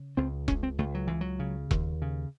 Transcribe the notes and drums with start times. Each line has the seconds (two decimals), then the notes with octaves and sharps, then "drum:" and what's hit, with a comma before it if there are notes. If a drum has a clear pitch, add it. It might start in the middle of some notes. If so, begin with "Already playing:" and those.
Already playing: C#3
0.17 C#2 C4
0.48 C#2 C#4, drum: kick E1
0.63 C4
0.78 C#2 A3
0.95 F#3
1.08 C#2 E3
1.21 F#3
1.39 C#3
1.71 D#2, drum: kick E1
2.02 C#3